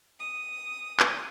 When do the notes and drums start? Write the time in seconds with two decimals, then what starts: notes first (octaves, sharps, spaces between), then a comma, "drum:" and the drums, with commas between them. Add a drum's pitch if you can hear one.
0.19 D#6
1.00 drum: clap